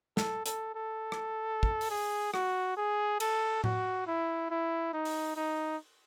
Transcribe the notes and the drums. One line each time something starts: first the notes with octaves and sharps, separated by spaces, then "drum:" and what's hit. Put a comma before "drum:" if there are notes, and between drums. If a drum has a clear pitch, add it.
A4, drum: snare
A4, drum: hi-hat
A4
drum: rim click
drum: kick
drum: open hi-hat
G#4
F#4, drum: rim click
G#4
A4, drum: cymbal
F#4, drum: tom A2
E4
E4
D#4
drum: open hi-hat
D#4